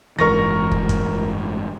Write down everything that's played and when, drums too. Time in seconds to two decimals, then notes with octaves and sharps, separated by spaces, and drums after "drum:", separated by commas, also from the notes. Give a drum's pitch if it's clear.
0.19 F#1 G#2 E3 A#4 C#6 A#6
0.71 drum: kick
0.89 drum: kick, hi-hat